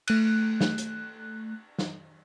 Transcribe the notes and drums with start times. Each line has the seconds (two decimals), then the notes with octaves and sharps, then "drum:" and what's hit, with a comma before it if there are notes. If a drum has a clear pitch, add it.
0.08 A3 F#6, drum: cymbal
0.61 drum: snare
0.78 drum: hi-hat
1.78 drum: snare